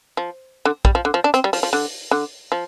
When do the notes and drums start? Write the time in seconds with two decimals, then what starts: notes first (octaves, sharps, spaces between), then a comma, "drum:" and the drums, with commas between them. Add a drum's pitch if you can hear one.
0.17 F3
0.65 D3
0.85 G3, drum: kick
0.95 F3
1.05 D3
1.14 F3
1.24 D4
1.34 C4, drum: hi-hat
1.44 G3
1.53 F3, drum: open hi-hat
1.63 F3
1.73 D3
2.11 D3
2.52 F3